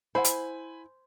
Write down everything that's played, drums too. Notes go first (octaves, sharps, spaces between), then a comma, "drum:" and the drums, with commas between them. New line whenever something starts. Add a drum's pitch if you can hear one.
E4 C5 F#5 G#5 B5
drum: hi-hat